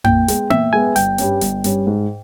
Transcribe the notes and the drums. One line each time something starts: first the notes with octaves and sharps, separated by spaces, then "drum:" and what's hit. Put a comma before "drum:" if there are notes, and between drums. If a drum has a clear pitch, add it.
A#2 G5, drum: tom F2
G#3 B3, drum: hi-hat
A#2 E5, drum: tom B3
G#3 B3 G#5
G1 G5, drum: hi-hat
G2 G3 C#4, drum: hi-hat
G1, drum: hi-hat
G2 G3 C#4, drum: hi-hat
G#2